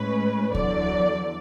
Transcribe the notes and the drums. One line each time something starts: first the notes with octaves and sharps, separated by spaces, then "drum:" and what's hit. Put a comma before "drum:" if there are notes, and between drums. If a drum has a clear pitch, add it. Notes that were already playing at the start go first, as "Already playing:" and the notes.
Already playing: A2 G#3 C#4 B4
E2 D3 F#3 D5, drum: kick C#2